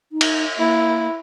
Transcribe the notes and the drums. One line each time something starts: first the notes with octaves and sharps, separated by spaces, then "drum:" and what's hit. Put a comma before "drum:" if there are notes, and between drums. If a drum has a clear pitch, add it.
D#4
drum: cymbal
A#3 E4